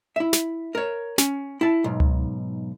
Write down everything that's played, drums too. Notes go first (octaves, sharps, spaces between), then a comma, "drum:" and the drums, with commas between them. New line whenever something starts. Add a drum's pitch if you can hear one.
E4 E5
drum: snare
A#4 C#5
C#4, drum: snare
E4 A5
B1 G#2
drum: tom C#2